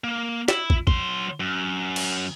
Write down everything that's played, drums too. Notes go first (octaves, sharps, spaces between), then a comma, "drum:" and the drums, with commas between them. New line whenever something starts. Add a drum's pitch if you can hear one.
A#3
E4, drum: snare
drum: kick
F#3 C6, drum: kick
F#2
drum: cymbal